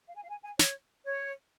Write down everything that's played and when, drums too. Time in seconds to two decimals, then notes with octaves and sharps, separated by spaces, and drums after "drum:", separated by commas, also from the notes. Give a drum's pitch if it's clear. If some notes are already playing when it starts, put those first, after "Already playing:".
0.08 F5
0.15 G#5
0.24 F5
0.29 G#5
0.44 G#5
0.59 C#5, drum: snare
1.04 C#5